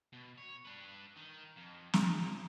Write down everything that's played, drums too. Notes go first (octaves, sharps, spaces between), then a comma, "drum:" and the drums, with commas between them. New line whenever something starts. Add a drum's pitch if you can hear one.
B2
C#5
D4 B4
D#3 D#4
F2
A#2, drum: snare